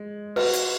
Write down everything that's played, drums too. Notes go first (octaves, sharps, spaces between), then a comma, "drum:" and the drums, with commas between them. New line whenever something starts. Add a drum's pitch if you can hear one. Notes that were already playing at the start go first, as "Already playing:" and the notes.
Already playing: G#3
F#4 B4 D#5 A#5, drum: cymbal
drum: hi-hat